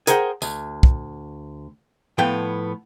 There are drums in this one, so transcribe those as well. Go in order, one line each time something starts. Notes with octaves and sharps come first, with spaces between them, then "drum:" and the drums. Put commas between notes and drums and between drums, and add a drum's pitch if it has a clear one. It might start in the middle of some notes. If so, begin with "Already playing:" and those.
G#4 A#4 C5 F#5 G5, drum: hi-hat
D2, drum: tambourine
drum: kick
A2 F3 B3 B4 G5